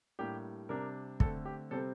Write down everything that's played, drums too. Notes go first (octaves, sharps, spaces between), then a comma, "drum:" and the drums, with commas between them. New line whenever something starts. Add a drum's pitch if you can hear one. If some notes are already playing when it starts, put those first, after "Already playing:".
A2 G3 A#3 D4 G4
C3 G3 D4 A#4
D3 A3 C4 A4, drum: kick
G4
C3 G3 C4 A4